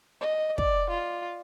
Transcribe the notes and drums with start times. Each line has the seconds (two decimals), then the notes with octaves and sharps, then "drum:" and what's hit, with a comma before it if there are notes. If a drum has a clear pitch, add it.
0.21 D#5
0.58 D5, drum: kick
0.90 F4